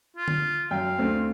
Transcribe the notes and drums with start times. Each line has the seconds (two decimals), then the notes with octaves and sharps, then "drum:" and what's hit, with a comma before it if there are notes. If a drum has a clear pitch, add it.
0.17 F4
0.28 drum: tom D3
0.71 F#2 F5 G5
0.98 D2 C4